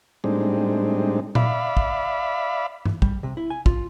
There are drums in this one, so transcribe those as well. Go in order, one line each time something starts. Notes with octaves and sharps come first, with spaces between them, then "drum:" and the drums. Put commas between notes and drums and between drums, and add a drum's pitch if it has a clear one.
A2 G3 G#3 C4 D4 D#4
D5 E5 F5 B5, drum: tom A#2
drum: kick
drum: tom G2
G3, drum: kick
C3
E4
G#5
F4, drum: kick